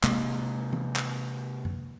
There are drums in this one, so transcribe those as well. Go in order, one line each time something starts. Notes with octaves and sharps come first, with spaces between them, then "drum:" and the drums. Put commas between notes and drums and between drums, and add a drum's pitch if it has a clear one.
C3 G#3 A#3, drum: clap
drum: tom E3
drum: clap
drum: tom F#2